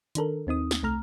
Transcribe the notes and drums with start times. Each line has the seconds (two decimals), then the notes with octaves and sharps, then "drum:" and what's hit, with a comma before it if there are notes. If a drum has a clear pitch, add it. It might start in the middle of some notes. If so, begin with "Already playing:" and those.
0.15 D#3 D4 A4 A#4, drum: hi-hat
0.47 D#2 C4 D#4 D#6
0.71 drum: snare
0.83 C2 A3 A#5 F6